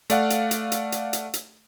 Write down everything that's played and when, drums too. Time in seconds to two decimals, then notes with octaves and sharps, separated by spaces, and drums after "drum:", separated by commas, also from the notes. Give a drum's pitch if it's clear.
0.10 A3 D5 F5 F#5, drum: hi-hat
0.30 drum: hi-hat
0.51 drum: hi-hat
0.72 drum: hi-hat
0.92 drum: hi-hat
1.13 drum: hi-hat
1.34 drum: hi-hat